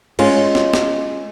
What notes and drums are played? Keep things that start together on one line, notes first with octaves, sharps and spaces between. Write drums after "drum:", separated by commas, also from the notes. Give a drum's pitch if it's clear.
G#3 C#4 F4, drum: cymbal
drum: snare
drum: snare